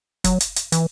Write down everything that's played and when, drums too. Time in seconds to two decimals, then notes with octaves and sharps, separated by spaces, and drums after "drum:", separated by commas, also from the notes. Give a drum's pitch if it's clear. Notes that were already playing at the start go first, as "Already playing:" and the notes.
0.24 F#3, drum: kick, hi-hat
0.40 drum: hi-hat
0.56 drum: hi-hat
0.72 E3, drum: hi-hat